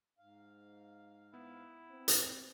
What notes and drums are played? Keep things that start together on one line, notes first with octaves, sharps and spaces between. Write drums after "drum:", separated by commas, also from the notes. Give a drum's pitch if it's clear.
G#2 F5
B3 E4
C4
drum: hi-hat